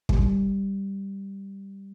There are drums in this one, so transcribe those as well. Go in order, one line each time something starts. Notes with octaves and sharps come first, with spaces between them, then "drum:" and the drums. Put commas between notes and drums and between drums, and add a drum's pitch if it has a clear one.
G3, drum: kick